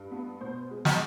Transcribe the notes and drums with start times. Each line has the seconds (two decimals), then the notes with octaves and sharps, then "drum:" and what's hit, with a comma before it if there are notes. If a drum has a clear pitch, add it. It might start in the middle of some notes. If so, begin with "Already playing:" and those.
Already playing: G2
0.11 B3
0.40 B2 C5
0.71 G#3
0.85 D#5, drum: snare